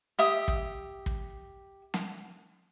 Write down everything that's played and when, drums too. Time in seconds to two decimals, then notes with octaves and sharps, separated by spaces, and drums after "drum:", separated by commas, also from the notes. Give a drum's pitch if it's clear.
0.19 G4 E5 D#6
0.48 drum: kick
1.06 drum: kick
1.94 drum: snare